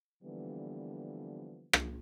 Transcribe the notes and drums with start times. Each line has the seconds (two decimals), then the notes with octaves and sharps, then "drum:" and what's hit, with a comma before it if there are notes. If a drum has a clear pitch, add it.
0.23 D3 E3 F3 G3 A#3 B3
1.73 drum: rim click